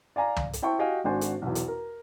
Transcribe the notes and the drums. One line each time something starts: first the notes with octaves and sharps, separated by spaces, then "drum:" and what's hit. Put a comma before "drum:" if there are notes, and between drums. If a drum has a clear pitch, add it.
D5 F5 G#5 A#5
drum: tom
drum: hi-hat
E4 C5 G5 A5 C#6
F#4 G4 D#5 F5 G5 G#5
G#1 D4 F#4 C5 G#5
drum: hi-hat
B1 E2
drum: hi-hat
A#4